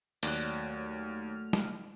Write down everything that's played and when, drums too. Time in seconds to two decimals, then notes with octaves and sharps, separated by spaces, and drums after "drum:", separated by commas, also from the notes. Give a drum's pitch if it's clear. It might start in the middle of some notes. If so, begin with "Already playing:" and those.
0.23 D#2 F#3 A3 D5 F6, drum: open hi-hat
1.53 drum: snare